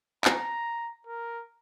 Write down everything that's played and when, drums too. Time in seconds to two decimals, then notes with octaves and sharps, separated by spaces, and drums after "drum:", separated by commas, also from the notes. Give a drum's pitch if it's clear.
0.25 A#5, drum: clap
1.07 A#4